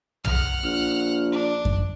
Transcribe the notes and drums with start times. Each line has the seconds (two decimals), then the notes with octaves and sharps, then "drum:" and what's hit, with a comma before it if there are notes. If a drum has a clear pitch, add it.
0.24 F#5 F6, drum: tom
0.63 A#1
1.32 D4
1.65 drum: kick F#2